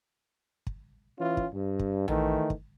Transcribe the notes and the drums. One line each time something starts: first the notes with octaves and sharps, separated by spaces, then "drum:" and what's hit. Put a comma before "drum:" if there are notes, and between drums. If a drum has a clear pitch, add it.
drum: kick
E3 C#4 F4
drum: kick
G2
drum: kick
D#3 E3 A3, drum: tom A#1
drum: kick